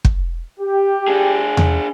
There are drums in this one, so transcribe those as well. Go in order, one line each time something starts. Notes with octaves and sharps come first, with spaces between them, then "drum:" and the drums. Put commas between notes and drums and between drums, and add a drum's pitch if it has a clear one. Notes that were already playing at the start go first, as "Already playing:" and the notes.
drum: kick
G4
D4 G#4
drum: tom E2